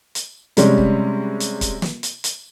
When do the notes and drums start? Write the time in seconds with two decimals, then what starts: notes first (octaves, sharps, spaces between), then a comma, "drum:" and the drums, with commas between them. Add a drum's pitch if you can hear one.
0.15 drum: hi-hat
0.57 C3 G3 G#3 C#4, drum: hi-hat
0.78 drum: kick
1.40 drum: hi-hat
1.61 drum: kick, hi-hat
1.82 drum: snare
2.03 drum: hi-hat
2.24 drum: hi-hat